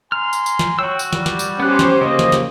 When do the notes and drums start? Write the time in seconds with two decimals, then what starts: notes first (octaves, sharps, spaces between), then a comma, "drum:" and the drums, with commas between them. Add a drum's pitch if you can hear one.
0.12 G#5 A#5 C6 F6
0.33 drum: tambourine
0.46 drum: tambourine
0.59 drum: snare
0.79 F#4 C#5 G5 E6
0.99 drum: tambourine
1.13 G3, drum: snare
1.26 drum: snare
1.39 drum: tambourine
1.60 B3 C#4 G4 C5 F#6
1.79 drum: snare
2.01 C#3 A#3 D#5
2.19 drum: snare
2.32 drum: snare